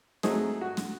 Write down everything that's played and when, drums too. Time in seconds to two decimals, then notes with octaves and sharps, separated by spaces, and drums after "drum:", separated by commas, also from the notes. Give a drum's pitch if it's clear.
0.23 F#3 A3 C4 D#4 G#4, drum: snare
0.61 F#4
0.77 drum: snare